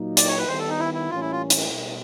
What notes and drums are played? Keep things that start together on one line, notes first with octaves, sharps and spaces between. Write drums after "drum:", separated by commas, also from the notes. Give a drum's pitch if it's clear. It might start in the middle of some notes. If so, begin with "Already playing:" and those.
Already playing: A#2 F#3 A#3 D#4
D5, drum: hi-hat
C#5
B4
D#3 G3 B3 C5
A4
D#4
E4
E4
A2 E3 G3 A#3 C#4 F4
E4
F4
drum: hi-hat
B2 G3